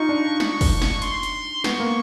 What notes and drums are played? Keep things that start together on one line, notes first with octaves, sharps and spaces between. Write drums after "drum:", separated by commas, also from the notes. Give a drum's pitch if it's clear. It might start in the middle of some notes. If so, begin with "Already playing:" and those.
Already playing: D#4 F4 C#6
D4
C#6, drum: snare
drum: kick, open hi-hat
drum: snare
C6, drum: hi-hat
drum: hi-hat
B3 C#6, drum: snare
A#3